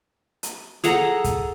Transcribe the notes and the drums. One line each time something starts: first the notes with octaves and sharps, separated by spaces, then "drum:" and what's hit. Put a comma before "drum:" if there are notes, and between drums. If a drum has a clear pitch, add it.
drum: hi-hat
G#4 A4 F#5 A#5, drum: hi-hat
drum: kick, hi-hat